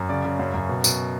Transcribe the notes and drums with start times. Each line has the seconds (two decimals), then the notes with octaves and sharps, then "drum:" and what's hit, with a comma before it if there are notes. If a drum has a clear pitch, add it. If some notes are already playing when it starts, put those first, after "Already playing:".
Already playing: F#2
0.09 C#3 D5
0.24 C#3
0.39 F#2
0.54 F#2
0.69 B2
0.84 B2, drum: tambourine